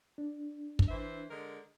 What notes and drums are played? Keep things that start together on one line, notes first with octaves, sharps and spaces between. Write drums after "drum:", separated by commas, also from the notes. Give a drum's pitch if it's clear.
D4
drum: kick
E3 C5 E5
D3 G#3 A#4